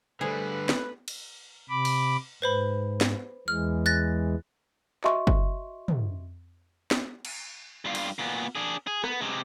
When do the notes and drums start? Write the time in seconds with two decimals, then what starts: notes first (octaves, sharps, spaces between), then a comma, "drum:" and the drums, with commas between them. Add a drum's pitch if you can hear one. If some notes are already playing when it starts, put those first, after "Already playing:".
0.21 D3 G3 A3 G#4 B4 C5
0.69 drum: snare
1.08 drum: cymbal
1.69 C3 B5 D6
1.85 drum: cymbal
2.42 G#2 B4 C5 B5
3.01 drum: snare
3.48 E2 E3 G#3 F6
3.86 F#6 A6 A#6
5.04 F#4 D#5 E5 C6 C#6, drum: clap
5.27 drum: kick F#1
5.88 drum: tom
6.91 drum: snare
7.25 drum: cymbal
7.85 G2 F4
7.95 drum: cymbal
8.19 A#2 B3
8.55 D4 G#4
8.87 G#4
9.04 B3, drum: rim click
9.21 C3 G#3